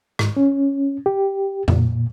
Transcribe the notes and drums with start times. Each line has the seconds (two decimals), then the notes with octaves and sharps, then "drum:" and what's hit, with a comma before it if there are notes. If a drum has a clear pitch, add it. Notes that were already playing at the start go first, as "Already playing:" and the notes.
0.19 G#2, drum: rim click
0.37 C#4
1.06 G4
1.68 A#2, drum: tom F2